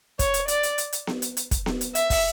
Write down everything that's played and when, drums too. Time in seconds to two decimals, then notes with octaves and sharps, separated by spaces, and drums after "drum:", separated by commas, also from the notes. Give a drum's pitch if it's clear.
0.19 C#5, drum: kick, hi-hat
0.34 drum: hi-hat
0.48 D5, drum: hi-hat
0.63 drum: hi-hat
0.78 drum: hi-hat
0.93 drum: hi-hat
1.07 drum: snare B3
1.22 drum: hi-hat
1.37 drum: hi-hat
1.51 drum: kick, hi-hat
1.66 drum: snare B3
1.81 drum: hi-hat
1.95 E5, drum: hi-hat
2.10 drum: kick, open hi-hat